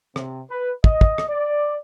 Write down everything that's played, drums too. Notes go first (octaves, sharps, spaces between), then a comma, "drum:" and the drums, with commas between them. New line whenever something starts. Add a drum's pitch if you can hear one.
C3, drum: rim click
B4
D#5, drum: kick
drum: kick
drum: rim click
D5